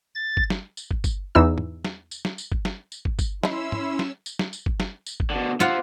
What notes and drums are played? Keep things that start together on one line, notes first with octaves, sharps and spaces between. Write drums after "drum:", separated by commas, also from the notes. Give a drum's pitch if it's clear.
A6
drum: kick
drum: snare
drum: tambourine
drum: kick
drum: kick, tambourine
E2 E3 D#4 E6
drum: tom
drum: snare
drum: tambourine
drum: snare
drum: tambourine
drum: kick
drum: snare
drum: tambourine
drum: kick
drum: kick, tambourine
E3 C#4 D#4 E4 B5 C6 E6, drum: snare
drum: tom
drum: snare
drum: tambourine
drum: snare
drum: tambourine
drum: kick
drum: snare
drum: tambourine
drum: kick
B2 D3
F4 C5 E5 F#5, drum: snare